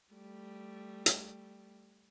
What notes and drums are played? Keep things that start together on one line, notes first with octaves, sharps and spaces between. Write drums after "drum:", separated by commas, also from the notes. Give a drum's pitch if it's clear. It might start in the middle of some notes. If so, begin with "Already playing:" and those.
G3 A3
drum: hi-hat